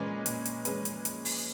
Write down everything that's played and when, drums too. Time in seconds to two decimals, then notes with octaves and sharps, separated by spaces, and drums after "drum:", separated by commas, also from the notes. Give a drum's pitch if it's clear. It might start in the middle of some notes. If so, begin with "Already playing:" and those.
Already playing: A#2 G#3 C#4 G#4 B4
0.26 A#2, drum: hi-hat
0.45 drum: hi-hat
0.65 G#3 C#4 G#4 B4, drum: hi-hat
0.85 drum: hi-hat
1.05 drum: hi-hat
1.25 drum: open hi-hat